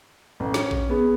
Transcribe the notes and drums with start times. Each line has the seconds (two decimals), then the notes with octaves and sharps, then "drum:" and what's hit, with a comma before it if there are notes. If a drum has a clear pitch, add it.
0.40 A1
0.54 C#4, drum: snare
0.71 drum: kick A1
0.90 B3 G#4